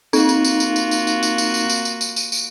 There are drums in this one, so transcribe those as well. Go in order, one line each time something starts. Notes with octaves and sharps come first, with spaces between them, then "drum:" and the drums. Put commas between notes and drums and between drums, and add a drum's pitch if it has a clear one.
A#3 C4 D#4 F4 F#4, drum: tambourine
drum: tambourine
drum: tambourine
drum: tambourine
drum: tambourine
drum: tambourine
drum: tambourine
drum: tambourine
drum: tambourine
drum: tambourine
drum: tambourine
drum: tambourine
drum: tambourine
drum: tambourine
drum: tambourine